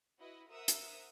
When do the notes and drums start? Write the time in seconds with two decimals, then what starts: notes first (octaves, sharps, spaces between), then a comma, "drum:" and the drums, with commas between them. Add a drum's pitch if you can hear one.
0.19 E4 F#4 B4 D#5
0.50 A#4 C5 E5 F#5 D#6 E6
0.68 drum: hi-hat